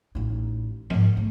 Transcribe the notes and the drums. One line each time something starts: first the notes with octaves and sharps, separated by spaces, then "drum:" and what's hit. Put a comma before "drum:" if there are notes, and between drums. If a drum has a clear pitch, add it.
A1 D#4
G#2 D#3, drum: tom F3
A3